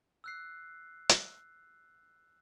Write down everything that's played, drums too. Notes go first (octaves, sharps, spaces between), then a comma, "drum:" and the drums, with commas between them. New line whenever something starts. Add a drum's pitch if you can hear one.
E6 F#6 C7
drum: hi-hat